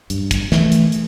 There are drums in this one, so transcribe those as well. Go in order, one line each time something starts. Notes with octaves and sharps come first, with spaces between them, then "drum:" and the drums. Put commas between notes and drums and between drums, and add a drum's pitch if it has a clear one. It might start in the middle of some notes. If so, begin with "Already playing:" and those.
G2, drum: hi-hat
drum: kick, hi-hat
E3 A3, drum: snare
drum: hi-hat
drum: hi-hat